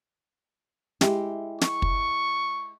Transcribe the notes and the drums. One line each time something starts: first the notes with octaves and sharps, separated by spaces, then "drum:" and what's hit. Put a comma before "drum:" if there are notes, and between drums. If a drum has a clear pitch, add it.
G#3 E4 G4, drum: snare
C#6, drum: snare
drum: kick